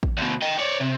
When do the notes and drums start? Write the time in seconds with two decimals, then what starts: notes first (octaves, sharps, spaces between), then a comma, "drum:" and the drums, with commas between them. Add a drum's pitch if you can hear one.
0.03 drum: kick
0.18 D2 B2
0.42 D#5 G5
0.58 C#5 D5
0.80 C3